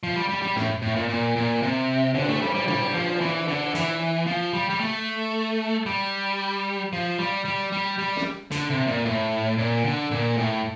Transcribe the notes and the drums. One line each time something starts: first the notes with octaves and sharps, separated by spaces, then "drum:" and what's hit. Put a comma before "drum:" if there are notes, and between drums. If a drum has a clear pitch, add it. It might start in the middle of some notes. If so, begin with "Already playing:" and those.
F3
G3
G3
G3
A2, drum: snare
A2
A#2
A#2
A#2
C3
D3, drum: cymbal
A3
G3
G3
G3, drum: tom
F3
E3
D3
E3, drum: hi-hat
F3
G3
G3
A3
G3
F3
G3
G3
G3
G3
drum: snare
D3, drum: hi-hat
C3
A#2
A2
A#2
D3
A#2
A2